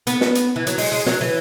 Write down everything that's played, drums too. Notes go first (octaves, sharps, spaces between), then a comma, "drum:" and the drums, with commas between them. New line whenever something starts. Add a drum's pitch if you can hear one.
B3, drum: hi-hat
drum: snare
drum: hi-hat
E3
F#3, drum: hi-hat
G#3, drum: open hi-hat
G#3
F#3, drum: snare
E3